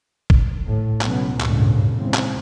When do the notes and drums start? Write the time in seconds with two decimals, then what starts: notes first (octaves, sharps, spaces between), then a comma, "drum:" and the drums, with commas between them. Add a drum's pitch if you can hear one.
0.30 drum: kick
0.67 A2
1.01 C#2 B2 F#3 B3 C#4, drum: clap
1.41 G#1 D2 G2 A#2 C#3 G#3, drum: clap
1.95 E2 G#2 C#3 C4
2.14 drum: clap